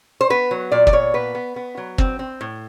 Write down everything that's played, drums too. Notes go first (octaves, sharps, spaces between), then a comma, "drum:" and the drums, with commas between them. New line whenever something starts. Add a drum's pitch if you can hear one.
C5
B3 B4
F#3
A#2 D5
D5, drum: kick
A#2 C#5
B3 B4
B3
B3
F#3
C4, drum: kick
C4
A2